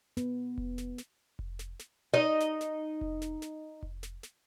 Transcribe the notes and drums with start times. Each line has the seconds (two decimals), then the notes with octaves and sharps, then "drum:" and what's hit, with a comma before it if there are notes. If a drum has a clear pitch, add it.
0.17 B3, drum: snare
0.58 drum: kick F1
0.78 drum: snare
0.98 drum: snare
1.39 drum: kick F1
1.59 drum: snare
1.79 drum: snare
2.14 D#4 D#5
2.40 drum: snare
2.61 drum: snare
3.01 drum: kick F1
3.22 drum: snare
3.42 drum: snare
3.83 drum: kick F1
4.03 drum: snare
4.23 drum: snare